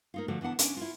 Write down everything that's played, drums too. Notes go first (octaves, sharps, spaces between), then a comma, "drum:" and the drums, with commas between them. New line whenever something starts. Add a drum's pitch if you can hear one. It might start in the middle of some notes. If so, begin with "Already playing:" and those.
A#3 D#4 F4
D3 F3 A3 F#4
E3 B3 D4 F#5 A5
C#4 D4, drum: hi-hat
E4 F4